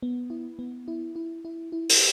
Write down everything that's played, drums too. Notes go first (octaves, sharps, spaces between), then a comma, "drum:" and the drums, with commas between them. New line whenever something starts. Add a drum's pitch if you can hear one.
B3
E4
B3
E4
E4
E4
E4
drum: open hi-hat